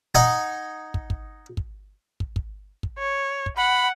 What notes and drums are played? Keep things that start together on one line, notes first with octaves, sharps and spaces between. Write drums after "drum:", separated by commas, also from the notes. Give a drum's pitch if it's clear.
D#4 D#5 F#5 G#5
drum: kick
drum: kick
drum: kick
drum: kick
drum: kick
drum: kick
C#5
drum: kick
F#5 B5